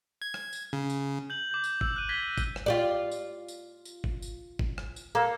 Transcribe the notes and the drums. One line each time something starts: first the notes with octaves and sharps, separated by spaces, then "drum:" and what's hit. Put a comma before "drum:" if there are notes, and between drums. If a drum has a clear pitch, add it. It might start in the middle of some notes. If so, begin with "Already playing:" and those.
G#6
drum: rim click
drum: tambourine
C#3
drum: tambourine
G6 F#7
D6 G6
drum: tambourine
E6, drum: kick G#1
F#6 D#7
G#6 A#6 B6 G7
drum: kick G#1, tambourine
drum: rim click
F4 G4 D5
drum: tambourine
drum: tambourine
drum: tambourine
drum: kick G#1
drum: tambourine
drum: kick G#1
drum: rim click
drum: tambourine
A#3 A4